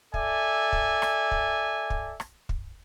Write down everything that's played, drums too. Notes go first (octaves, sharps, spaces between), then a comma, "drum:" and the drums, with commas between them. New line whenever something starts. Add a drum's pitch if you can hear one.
A4 D5 E5 G#5, drum: kick
drum: kick
drum: rim click
drum: kick
drum: kick
drum: rim click
drum: kick